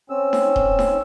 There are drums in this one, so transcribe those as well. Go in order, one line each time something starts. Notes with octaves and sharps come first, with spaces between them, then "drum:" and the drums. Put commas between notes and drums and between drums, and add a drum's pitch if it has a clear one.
C4 C#4 E6
drum: snare D#4
drum: kick D#1
drum: snare D#4